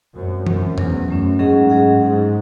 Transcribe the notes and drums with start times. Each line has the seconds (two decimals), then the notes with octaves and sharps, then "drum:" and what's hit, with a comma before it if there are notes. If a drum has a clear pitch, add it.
0.16 F#2 G#3 C4 F#4 C5
0.47 F#2 G#3 C4 F#4 C5, drum: tom E3
0.78 E2 F#3 A3 C#4, drum: tom E2
1.08 F#2 F#3 A3 C#4
1.39 G#2 F#3 C#4 G#4 D#5 F#5
1.70 F#3 C#4 G#4 D#5 F#5
2.00 G#2 D#4 G#4 C5